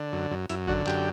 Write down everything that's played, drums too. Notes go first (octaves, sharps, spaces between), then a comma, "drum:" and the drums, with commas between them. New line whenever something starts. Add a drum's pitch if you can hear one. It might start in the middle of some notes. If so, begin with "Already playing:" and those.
Already playing: D3
F#2
F#2
F#2 E4, drum: hi-hat
D3 F#4, drum: kick
F#2 G4, drum: clap